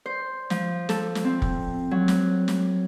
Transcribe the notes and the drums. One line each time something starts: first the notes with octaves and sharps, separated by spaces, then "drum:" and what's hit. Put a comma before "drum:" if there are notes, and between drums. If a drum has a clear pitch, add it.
C5
F3, drum: snare
A4, drum: snare
drum: snare
C4
drum: kick
F#3
drum: snare
drum: snare